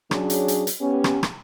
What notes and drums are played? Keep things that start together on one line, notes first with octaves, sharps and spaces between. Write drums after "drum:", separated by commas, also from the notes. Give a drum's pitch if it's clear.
F#3 C#4 D4 G#4, drum: rim click
drum: hi-hat
drum: hi-hat
drum: hi-hat
B3 C#4 G4
drum: rim click
drum: rim click